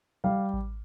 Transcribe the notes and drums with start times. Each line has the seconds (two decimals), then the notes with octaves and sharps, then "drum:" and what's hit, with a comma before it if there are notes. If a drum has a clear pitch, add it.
0.24 G3 F5
0.53 drum: kick A1